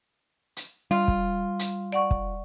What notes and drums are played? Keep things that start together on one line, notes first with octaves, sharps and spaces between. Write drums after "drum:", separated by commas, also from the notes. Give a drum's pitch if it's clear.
drum: hi-hat
G3 F4
drum: kick
drum: hi-hat
D5 F#5 C#6
drum: kick